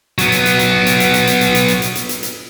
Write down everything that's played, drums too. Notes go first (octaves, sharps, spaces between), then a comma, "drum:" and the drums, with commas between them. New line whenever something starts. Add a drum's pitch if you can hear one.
F#3 B3, drum: hi-hat
drum: hi-hat
drum: hi-hat
drum: hi-hat
drum: hi-hat
drum: hi-hat
drum: hi-hat
drum: hi-hat
drum: hi-hat
drum: hi-hat
drum: hi-hat
drum: hi-hat
drum: hi-hat
drum: hi-hat
drum: hi-hat